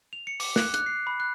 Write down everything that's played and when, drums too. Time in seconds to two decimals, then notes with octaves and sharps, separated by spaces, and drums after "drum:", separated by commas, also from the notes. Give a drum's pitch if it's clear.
0.13 F7
0.27 C#7
0.40 D6, drum: open hi-hat
0.56 F#6, drum: snare
0.74 F#6, drum: hi-hat
0.86 C7
1.07 B5
1.20 F#6